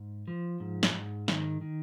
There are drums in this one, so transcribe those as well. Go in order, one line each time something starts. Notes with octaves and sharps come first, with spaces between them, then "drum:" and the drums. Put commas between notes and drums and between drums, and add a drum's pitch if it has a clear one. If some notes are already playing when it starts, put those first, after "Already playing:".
Already playing: G#2
F3
G#2
drum: snare
G#2
D#3, drum: snare
D#3